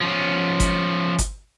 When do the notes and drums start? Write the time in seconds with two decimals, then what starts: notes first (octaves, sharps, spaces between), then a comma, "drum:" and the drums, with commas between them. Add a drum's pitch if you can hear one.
0.01 F3 C#4
0.60 drum: kick G1, hi-hat
1.18 drum: kick G1, hi-hat